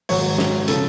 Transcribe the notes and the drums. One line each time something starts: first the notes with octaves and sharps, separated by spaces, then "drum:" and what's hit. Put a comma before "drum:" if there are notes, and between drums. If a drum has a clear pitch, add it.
G#1 G#2 F#3 C#5, drum: open hi-hat
drum: snare
C#3 F3 A4, drum: hi-hat